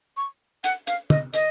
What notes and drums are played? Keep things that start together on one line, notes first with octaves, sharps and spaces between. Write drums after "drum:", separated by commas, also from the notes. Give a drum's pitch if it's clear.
C#6
F#5, drum: hi-hat
F5, drum: hi-hat
D#5, drum: tom
D#5, drum: hi-hat